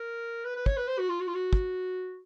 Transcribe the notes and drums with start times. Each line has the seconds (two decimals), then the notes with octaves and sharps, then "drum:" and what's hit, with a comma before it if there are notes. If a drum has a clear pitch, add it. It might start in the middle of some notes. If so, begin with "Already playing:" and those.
Already playing: A#4
0.45 B4
0.56 B4
0.66 C#5, drum: kick
0.77 B4
0.88 C5
0.99 F#4
1.09 F4
1.20 F#4
1.28 F4
1.35 F#4
1.53 drum: kick